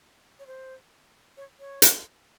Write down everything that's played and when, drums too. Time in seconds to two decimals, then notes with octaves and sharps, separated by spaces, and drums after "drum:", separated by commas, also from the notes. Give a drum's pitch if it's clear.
0.39 C#5
0.47 C5
1.37 C#5
1.60 C#5
1.82 drum: hi-hat